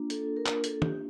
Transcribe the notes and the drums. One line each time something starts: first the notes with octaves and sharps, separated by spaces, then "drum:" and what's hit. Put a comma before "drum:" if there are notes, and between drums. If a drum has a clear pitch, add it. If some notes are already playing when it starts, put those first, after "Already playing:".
Already playing: A#3 D4 F4
A4, drum: hi-hat
A#4
drum: clap
A4, drum: hi-hat
G4, drum: tom